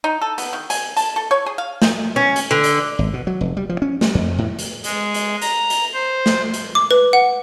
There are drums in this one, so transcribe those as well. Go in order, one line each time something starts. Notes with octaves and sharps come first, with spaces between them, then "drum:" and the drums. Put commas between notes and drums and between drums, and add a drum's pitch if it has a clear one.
D#4
A4
B3, drum: hi-hat
D#3
G#5, drum: hi-hat
A5, drum: hi-hat
A4
C#5
G#4
F5
D#4, drum: snare
C#4
drum: hi-hat
D3
drum: hi-hat
G#1
B2
F#3
F1
G3
F3
C#4
G3, drum: snare
F2
A2
drum: hi-hat
G#3, drum: hi-hat
drum: hi-hat
A#5, drum: hi-hat
drum: hi-hat
C5
drum: snare
drum: hi-hat
D6
B4
F#5